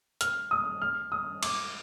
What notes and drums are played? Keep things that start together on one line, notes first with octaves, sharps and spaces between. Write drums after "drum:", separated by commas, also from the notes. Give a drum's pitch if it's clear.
F6, drum: hi-hat
D#6
F6
D#6
D6, drum: cymbal